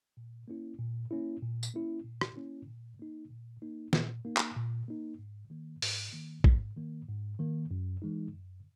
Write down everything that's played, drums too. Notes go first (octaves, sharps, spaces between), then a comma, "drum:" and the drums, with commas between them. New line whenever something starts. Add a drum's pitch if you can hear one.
A#2
A#3 C#4 E4
A#2
A#3 C#4 E4
A#2
drum: tambourine
A#3 C#4 E4
A#2
drum: rim click
A#3 C#4 E4
A#2
A#3 D#4
A#2
A#3 D#4
A#2, drum: snare
A#3 D#4
drum: clap
A#2
A#3 D#4
G#2
D#3 A#3
G#2, drum: open hi-hat
D#3 A#3
G#2, drum: kick
D#3 A#3
G#2
D#3 A#3
F#2
E3 G#3 D#4
F#2